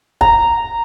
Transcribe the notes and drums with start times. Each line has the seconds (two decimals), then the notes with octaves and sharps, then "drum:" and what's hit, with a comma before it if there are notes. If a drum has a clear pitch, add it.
0.21 A#5, drum: kick